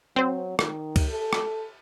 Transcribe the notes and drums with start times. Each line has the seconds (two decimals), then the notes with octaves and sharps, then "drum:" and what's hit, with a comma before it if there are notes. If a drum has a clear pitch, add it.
0.16 F#3 C4 C5
0.59 D#3, drum: rim click
0.96 drum: kick, cymbal
1.09 A4
1.33 drum: rim click